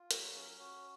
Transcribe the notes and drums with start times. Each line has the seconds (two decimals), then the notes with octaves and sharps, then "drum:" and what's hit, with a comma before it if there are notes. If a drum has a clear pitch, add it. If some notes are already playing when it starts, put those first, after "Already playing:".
Already playing: F4
0.11 F#3, drum: hi-hat
0.35 C#4
0.59 F#4